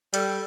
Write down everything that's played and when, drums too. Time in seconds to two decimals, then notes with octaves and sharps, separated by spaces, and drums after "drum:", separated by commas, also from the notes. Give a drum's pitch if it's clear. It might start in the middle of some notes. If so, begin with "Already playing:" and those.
0.14 G3 A4, drum: hi-hat